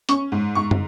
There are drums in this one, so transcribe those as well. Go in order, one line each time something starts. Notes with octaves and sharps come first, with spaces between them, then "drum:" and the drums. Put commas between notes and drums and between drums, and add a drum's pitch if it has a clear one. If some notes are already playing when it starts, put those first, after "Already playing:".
C#4 C#6, drum: hi-hat
G#2
G#2 C#6
drum: tom